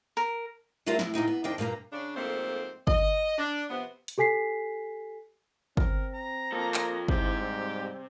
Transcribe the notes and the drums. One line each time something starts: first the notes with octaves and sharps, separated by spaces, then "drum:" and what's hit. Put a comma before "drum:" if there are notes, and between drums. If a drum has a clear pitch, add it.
A#4
F#3 G3 A3 F4 A#4 E5
A2 E4, drum: snare
A#2 D3 D#4 G5
B3
F2 D#3 D4 D#5 G5
G2 A#2 A#3 A#5
C#3 D4
F2 G#2 A3 A#3 C4
D#5, drum: kick
D4
C3 F3 B3
drum: hi-hat
G4 A4 G#5 B6 C7
C4 A#4, drum: kick
A#5
F3 A#3 A4
drum: clap
G#2 C3 E4 G4, drum: kick
G3